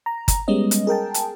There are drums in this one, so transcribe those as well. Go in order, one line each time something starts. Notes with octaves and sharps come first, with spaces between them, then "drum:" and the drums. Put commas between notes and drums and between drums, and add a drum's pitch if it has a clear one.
A#5
drum: kick G1, hi-hat
G3 G#3 B3 C#4 D#5
drum: hi-hat
G#4 A#4 G5 A5
drum: hi-hat